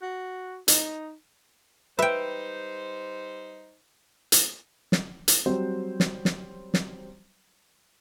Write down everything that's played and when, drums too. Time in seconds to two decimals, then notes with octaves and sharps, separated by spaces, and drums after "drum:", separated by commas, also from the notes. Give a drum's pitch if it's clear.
0.02 F#4
0.68 D#4, drum: hi-hat
1.99 G3 D#4 B4 C5 E5 G5
4.32 drum: hi-hat
4.92 drum: snare
5.28 drum: hi-hat
5.46 F#3 G3 C4 C5
6.00 drum: snare
6.25 drum: snare
6.74 drum: snare